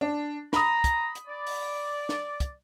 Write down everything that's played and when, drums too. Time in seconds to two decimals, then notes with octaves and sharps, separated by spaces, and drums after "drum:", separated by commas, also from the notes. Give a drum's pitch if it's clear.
0.01 D4
0.53 A#5 B5 D#6, drum: snare
0.84 drum: kick, hi-hat
1.15 drum: hi-hat
1.27 D5
1.47 drum: open hi-hat
2.09 drum: snare
2.40 drum: kick, hi-hat